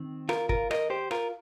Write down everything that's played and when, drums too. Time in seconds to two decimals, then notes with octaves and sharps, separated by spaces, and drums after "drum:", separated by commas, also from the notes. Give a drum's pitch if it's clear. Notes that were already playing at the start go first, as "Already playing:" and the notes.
Already playing: D#3 C4
0.29 F4 A#4, drum: rim click
0.49 F4 A#4, drum: kick
0.71 A#4 D#5, drum: rim click
0.90 G4 C5
1.11 F4 A#4, drum: rim click